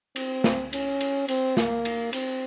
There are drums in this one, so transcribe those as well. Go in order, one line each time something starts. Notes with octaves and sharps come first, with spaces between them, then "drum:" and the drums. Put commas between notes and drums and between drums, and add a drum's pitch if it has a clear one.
C4, drum: cymbal
drum: snare
C#4, drum: cymbal
drum: cymbal
C4, drum: cymbal
A#3, drum: snare
drum: cymbal
C4, drum: cymbal